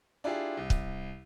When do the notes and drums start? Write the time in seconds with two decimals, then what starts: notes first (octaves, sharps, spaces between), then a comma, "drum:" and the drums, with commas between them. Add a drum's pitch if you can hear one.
0.24 D4 E4 F4 G4 G#4
0.57 C2
0.70 drum: kick